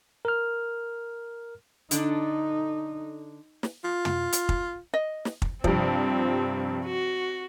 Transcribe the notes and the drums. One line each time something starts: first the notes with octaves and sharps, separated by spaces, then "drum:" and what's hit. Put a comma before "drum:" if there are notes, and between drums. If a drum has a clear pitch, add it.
A#4 F6
D3 D4 D#4 A4, drum: hi-hat
drum: snare
F4
drum: tom
drum: hi-hat
drum: kick
D#5
drum: snare
drum: kick
G2 C3 F3 C4, drum: kick
F#4